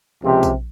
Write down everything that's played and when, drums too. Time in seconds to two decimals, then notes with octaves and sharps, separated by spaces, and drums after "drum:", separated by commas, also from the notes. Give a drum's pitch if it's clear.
0.23 C#2 C3 F3 C4 G4
0.43 drum: kick, tambourine